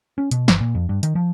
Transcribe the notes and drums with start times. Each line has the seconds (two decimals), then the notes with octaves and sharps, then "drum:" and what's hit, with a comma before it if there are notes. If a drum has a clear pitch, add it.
0.18 C#4
0.31 B2, drum: hi-hat
0.48 G1, drum: snare
0.60 A#2
0.75 F2
0.89 G2
1.03 D#3, drum: hi-hat
1.15 F3